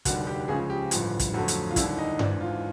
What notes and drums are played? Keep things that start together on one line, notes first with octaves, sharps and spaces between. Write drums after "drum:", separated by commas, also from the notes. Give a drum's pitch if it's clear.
F1 D#2 D3 G3 F#4, drum: kick, hi-hat
G4
C#2 C#3 F3 G#4
G4
A1 G2 D3 F3, drum: hi-hat
drum: kick, hi-hat
F2 D3 F#3 A3 F#4
drum: hi-hat
F4
D#2 D3 G3 E4, drum: kick, hi-hat
D#4
G#1 G#2 E3 D4, drum: tom G2
F4